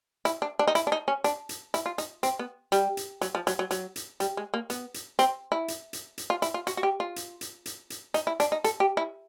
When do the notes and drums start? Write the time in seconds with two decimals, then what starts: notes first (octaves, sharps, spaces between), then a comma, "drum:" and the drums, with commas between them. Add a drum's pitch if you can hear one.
0.25 E4, drum: hi-hat
0.42 D4
0.59 D4
0.67 D#4
0.75 E4, drum: hi-hat
0.87 D4
0.92 D#4
1.08 C#4
1.24 D4, drum: hi-hat
1.49 drum: hi-hat
1.74 E4, drum: hi-hat
1.86 F4
1.98 D#4, drum: hi-hat
2.23 C4, drum: hi-hat
2.39 B3
2.72 G3, drum: hi-hat
2.97 drum: hi-hat
3.21 F#3, drum: hi-hat
3.35 F3
3.47 F#3, drum: hi-hat
3.59 F#3
3.71 F#3, drum: hi-hat
3.96 drum: hi-hat
4.20 G3, drum: hi-hat
4.37 G#3
4.54 A#3
4.70 B3, drum: hi-hat
4.94 drum: hi-hat
5.19 C4, drum: hi-hat
5.52 E4
5.68 drum: hi-hat
5.93 drum: hi-hat
6.18 drum: hi-hat
6.30 F4
6.42 E4, drum: hi-hat
6.54 F4
6.67 F#4, drum: hi-hat
6.77 F#4
6.83 G4
7.00 F4
7.16 drum: hi-hat
7.41 drum: hi-hat
7.66 drum: hi-hat
7.90 drum: hi-hat
8.14 D#4, drum: hi-hat
8.27 E4
8.40 D4, drum: hi-hat
8.52 D#4
8.64 A4, drum: hi-hat
8.80 G4
8.97 E4